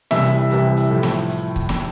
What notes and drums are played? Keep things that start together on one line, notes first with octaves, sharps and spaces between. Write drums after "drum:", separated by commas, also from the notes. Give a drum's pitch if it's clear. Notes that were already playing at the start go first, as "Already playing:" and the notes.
C2 C3 E3 G3 E5, drum: snare
drum: hi-hat
C2 C3 E3 G3, drum: hi-hat
drum: hi-hat
A2 F3 A3
drum: snare
drum: hi-hat
drum: kick C#1
drum: snare